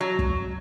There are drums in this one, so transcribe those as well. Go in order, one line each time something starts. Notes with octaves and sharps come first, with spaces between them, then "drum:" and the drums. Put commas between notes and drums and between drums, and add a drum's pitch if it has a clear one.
F#3
drum: kick